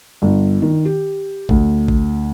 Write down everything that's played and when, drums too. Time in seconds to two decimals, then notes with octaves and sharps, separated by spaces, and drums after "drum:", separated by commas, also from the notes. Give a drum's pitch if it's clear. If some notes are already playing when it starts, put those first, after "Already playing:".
0.22 G1
0.62 D#3
0.85 G4
1.49 D2, drum: kick A1
1.88 drum: kick A1